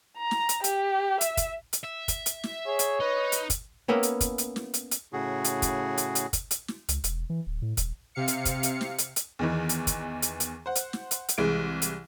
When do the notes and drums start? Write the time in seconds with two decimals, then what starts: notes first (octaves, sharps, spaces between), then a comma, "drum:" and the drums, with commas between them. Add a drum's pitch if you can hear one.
0.18 A#5
0.31 drum: snare
0.49 drum: hi-hat
0.64 G4, drum: hi-hat
1.21 E5, drum: hi-hat
1.37 drum: kick, hi-hat
1.73 drum: hi-hat
1.84 E5
2.08 drum: kick, hi-hat
2.26 drum: hi-hat
2.43 drum: snare
2.67 G#4 C#5
2.79 drum: hi-hat
3.00 D#4 B4
3.32 drum: hi-hat
3.50 drum: kick, hi-hat
3.88 A#3 B3 C#4 E4
4.03 drum: hi-hat
4.20 drum: kick, hi-hat
4.38 drum: hi-hat
4.56 drum: snare
4.74 drum: hi-hat
4.91 drum: hi-hat
5.13 A2 C#3 F#4 G#4
5.44 drum: hi-hat
5.62 drum: kick, hi-hat
5.97 drum: hi-hat
6.15 drum: hi-hat
6.33 drum: kick, hi-hat
6.51 drum: hi-hat
6.68 drum: snare
6.88 C#2, drum: hi-hat
7.04 E1, drum: hi-hat
7.30 E3
7.47 D1
7.62 A2
7.77 D#1, drum: kick, hi-hat
8.15 C3 F5 C#7
8.28 drum: hi-hat
8.45 drum: kick, hi-hat
8.63 drum: hi-hat
8.81 drum: snare
8.98 drum: hi-hat
9.16 drum: hi-hat
9.39 E2 D#3 E3
9.69 drum: hi-hat
9.87 drum: kick, hi-hat
10.22 drum: hi-hat
10.40 drum: hi-hat
10.66 C5 F#5
10.75 drum: hi-hat
10.93 drum: snare
11.11 drum: hi-hat
11.28 drum: hi-hat
11.38 C2 E3 G#3 D7
11.82 drum: hi-hat